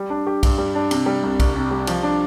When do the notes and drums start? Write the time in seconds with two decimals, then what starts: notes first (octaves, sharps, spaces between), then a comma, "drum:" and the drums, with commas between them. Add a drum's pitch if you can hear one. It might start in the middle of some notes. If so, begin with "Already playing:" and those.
Already playing: G3
0.10 D4
0.27 G4
0.43 G2, drum: kick B1, cymbal
0.58 G3
0.75 D4
0.91 C3, drum: cymbal
1.06 G3
1.23 C2
1.40 C2, drum: kick B1, cymbal
1.55 C3
1.71 G3
1.87 F3, drum: cymbal
2.03 D4